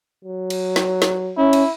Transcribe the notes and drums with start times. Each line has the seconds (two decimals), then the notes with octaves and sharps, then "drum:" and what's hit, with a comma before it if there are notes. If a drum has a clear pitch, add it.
0.25 F#3
0.50 drum: cymbal
0.76 drum: snare
1.02 drum: snare
1.38 C#4 E4
1.53 drum: cymbal